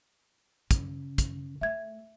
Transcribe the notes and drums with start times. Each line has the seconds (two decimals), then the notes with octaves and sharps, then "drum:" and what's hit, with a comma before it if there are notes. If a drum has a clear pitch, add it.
0.71 C#3, drum: kick, hi-hat
1.18 drum: kick, hi-hat
1.61 A3 E5 G#6